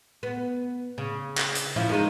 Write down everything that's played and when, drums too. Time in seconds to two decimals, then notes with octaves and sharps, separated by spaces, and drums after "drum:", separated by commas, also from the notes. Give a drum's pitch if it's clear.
0.23 B3
0.98 C#3
1.38 drum: clap
1.55 drum: hi-hat
1.76 F3 C#4 E4
1.89 D#3 G#3 D#4